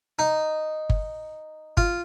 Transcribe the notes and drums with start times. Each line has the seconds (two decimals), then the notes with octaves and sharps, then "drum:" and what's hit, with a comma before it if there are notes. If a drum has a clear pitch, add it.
0.19 D#4
0.90 drum: kick G1
1.77 F4, drum: kick G1